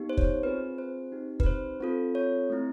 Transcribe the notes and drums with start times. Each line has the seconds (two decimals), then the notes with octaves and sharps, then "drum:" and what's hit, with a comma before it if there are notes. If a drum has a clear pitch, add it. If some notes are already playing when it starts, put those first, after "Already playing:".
Already playing: B3 D#4 G4
0.10 C5
0.17 C#5, drum: kick
0.25 C5
0.43 C4 F4 G#4 B4
0.78 C5
1.12 C4 D#4 G4
1.40 B4, drum: kick
1.46 C5
1.80 C4 F4 A4
2.15 C#5
2.50 A3 C4 E4